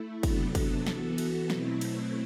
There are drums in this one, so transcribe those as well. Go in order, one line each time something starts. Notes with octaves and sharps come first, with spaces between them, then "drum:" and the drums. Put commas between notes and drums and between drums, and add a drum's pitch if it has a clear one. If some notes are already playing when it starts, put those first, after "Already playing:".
Already playing: A3 E4
C3 F#3 B3 D4 A4, drum: kick, cymbal
drum: kick, cymbal
E3 B3 F#4 A4, drum: snare
drum: cymbal
B2 F#3 A3 C4 E4, drum: snare
drum: cymbal